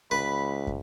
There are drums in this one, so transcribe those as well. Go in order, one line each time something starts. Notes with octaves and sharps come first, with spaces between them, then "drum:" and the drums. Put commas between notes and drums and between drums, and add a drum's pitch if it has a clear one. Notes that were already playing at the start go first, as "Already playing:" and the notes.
C#2 B4 B5
drum: kick